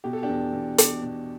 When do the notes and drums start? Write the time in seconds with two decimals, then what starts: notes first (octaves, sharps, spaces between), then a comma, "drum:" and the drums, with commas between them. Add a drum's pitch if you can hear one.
0.04 B2 G4
0.13 A4
0.23 D4 G4
0.29 E2
0.53 E2
0.78 B2, drum: hi-hat
1.02 B2